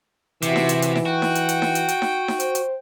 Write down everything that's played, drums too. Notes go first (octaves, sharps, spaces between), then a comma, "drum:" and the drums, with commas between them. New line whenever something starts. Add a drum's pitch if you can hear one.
C3 E3 F#4 E5, drum: hi-hat
drum: snare D#4
drum: hi-hat
drum: hi-hat
drum: snare D#4
F#4 G5
drum: snare D#4
drum: hi-hat
drum: hi-hat
drum: snare D#4
drum: hi-hat
drum: hi-hat
drum: snare D#4
drum: snare D#4
C5, drum: hi-hat
drum: hi-hat